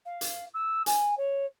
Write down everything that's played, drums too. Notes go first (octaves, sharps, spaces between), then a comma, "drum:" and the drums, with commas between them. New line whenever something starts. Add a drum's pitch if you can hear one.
F5
drum: hi-hat
E6
G#5, drum: hi-hat
C#5